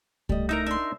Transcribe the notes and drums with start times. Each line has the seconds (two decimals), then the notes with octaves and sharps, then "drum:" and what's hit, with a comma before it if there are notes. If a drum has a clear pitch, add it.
0.29 G3 A3 D#5, drum: kick C2
0.49 D#4 E4 A#4 E5 A#5
0.66 D4 E5 C6